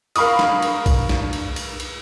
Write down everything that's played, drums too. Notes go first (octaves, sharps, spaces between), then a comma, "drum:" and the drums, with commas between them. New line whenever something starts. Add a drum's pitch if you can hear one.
A#4 F5 B5 C#6 D#6, drum: cymbal
drum: snare
drum: cymbal
drum: kick B1, cymbal
drum: snare
drum: cymbal
drum: cymbal
drum: cymbal